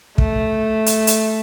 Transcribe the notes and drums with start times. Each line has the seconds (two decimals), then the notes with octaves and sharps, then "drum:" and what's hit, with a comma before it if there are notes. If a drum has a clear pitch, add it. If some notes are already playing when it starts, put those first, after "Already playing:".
0.18 A3, drum: kick
0.86 drum: hi-hat
1.07 drum: hi-hat